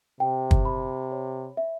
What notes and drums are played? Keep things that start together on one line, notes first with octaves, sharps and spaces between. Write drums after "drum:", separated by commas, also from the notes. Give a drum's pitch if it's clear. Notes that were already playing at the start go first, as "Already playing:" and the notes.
C3 G5
drum: kick
B5
C#5
E5